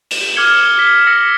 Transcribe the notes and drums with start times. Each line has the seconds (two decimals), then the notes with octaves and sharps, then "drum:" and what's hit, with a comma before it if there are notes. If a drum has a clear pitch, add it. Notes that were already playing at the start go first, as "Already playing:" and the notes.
0.11 E7, drum: open hi-hat
0.36 D6 F6 G#6 C#7 G7
0.61 G7
0.79 B6
1.07 E6 A#6 C#7